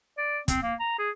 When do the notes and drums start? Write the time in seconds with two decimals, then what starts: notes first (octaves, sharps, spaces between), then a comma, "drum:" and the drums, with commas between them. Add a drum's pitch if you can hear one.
0.18 D5
0.48 C4, drum: kick, hi-hat
0.63 A#3
0.80 A#5
0.99 G#4